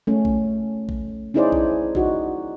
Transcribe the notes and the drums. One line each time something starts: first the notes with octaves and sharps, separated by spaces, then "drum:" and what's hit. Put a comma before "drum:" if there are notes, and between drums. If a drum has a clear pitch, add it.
A3 C#4
drum: kick A#1
drum: kick A#1
C#4 D#4 E4 G#4 C5 D5
drum: kick A#1
D#4 F#4, drum: kick A#1